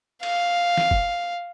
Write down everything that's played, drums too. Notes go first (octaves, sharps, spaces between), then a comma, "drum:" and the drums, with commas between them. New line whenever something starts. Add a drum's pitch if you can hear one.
F5, drum: cymbal
drum: snare
drum: kick